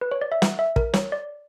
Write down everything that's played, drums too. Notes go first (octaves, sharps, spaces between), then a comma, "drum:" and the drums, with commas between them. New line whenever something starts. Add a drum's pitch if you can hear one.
B4
C#5
D5
E5
F#5, drum: snare
E5
A#4, drum: kick
C#5, drum: snare
D5